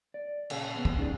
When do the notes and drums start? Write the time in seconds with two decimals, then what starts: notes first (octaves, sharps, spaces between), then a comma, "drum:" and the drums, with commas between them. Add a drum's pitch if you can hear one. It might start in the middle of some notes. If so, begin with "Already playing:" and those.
0.14 D5
0.50 A#2 C#3 G#4, drum: cymbal
0.76 B3
0.85 drum: kick
0.98 C#4 D#4 G4 G#4 C5 D5